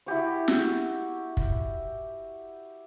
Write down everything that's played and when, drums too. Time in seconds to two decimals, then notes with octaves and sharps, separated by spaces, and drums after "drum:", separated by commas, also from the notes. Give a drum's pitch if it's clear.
0.06 E4 F#4 G4 C#5
0.48 drum: snare
1.37 drum: kick